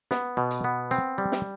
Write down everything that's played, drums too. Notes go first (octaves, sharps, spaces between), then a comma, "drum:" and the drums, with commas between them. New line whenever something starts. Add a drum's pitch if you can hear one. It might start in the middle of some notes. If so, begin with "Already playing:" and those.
B3, drum: snare
B2
drum: hi-hat
B3
C4, drum: hi-hat
G3
drum: snare